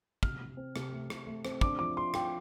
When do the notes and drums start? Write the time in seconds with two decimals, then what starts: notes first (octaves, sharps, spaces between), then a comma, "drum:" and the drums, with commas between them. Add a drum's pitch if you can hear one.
0.23 C3 F6, drum: kick
0.40 C3
0.57 C4
0.76 C3, drum: rim click
0.92 A3
1.10 C3, drum: rim click
1.27 A3
1.45 C4, drum: rim click
1.61 D4 D6, drum: kick
1.79 F3 D6
1.96 F4 C6
2.14 F4 G5, drum: rim click